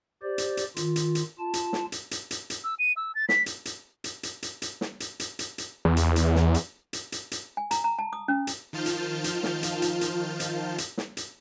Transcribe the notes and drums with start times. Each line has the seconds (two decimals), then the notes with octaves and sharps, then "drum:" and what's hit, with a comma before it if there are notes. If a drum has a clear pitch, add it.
0.23 G4 C5 D5
0.38 drum: hi-hat
0.57 drum: hi-hat
0.76 D#3 F4, drum: hi-hat
0.96 drum: hi-hat
1.15 drum: hi-hat
1.39 F4 A5
1.54 drum: hi-hat
1.73 drum: snare
1.92 drum: hi-hat
2.11 drum: hi-hat
2.31 drum: hi-hat
2.50 drum: hi-hat
2.64 E6
2.79 D#7
2.97 E6
3.15 A6
3.29 B6, drum: snare
3.46 drum: hi-hat
3.65 drum: hi-hat
4.04 drum: hi-hat
4.23 drum: hi-hat
4.43 drum: hi-hat
4.62 drum: hi-hat
4.81 drum: snare
5.00 drum: hi-hat
5.20 drum: hi-hat
5.39 drum: hi-hat
5.58 drum: hi-hat
5.85 E2
5.97 drum: hi-hat
6.16 drum: hi-hat
6.35 drum: snare
6.54 drum: hi-hat
6.93 drum: hi-hat
7.12 drum: hi-hat
7.31 drum: hi-hat
7.57 G#5
7.71 A#5, drum: hi-hat
7.84 A#5
7.99 A5
8.13 D#6
8.28 C#4
8.47 drum: hi-hat
8.73 D#3 F3 F4 A5 F6 G6
8.86 drum: hi-hat
9.24 drum: hi-hat
9.43 drum: snare
9.63 drum: hi-hat
9.82 drum: hi-hat
10.01 drum: hi-hat
10.40 drum: hi-hat
10.78 drum: hi-hat
10.98 drum: snare
11.17 drum: hi-hat